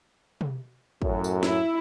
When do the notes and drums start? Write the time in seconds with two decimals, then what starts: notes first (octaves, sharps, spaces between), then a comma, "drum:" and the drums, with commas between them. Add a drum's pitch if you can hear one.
0.41 drum: tom
1.02 F#2 A2, drum: kick
1.24 drum: tambourine
1.43 E4, drum: snare